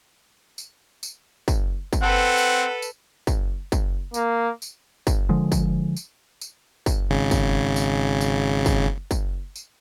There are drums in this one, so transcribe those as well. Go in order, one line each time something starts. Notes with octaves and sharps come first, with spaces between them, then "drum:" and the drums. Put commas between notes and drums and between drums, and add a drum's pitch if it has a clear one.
drum: tambourine
drum: tambourine
drum: kick, tambourine
drum: kick, tambourine
C4 A4 B4 F#5
drum: tambourine
drum: tambourine
drum: kick, tambourine
drum: kick, tambourine
A#3, drum: tambourine
drum: tambourine
drum: kick, tambourine
D3 F3 G#3
drum: kick, tambourine
drum: tambourine
drum: tambourine
drum: kick, tambourine
G#1 C#3
drum: kick, tambourine
drum: tambourine
drum: tambourine
drum: kick, tambourine
drum: kick, tambourine
drum: tambourine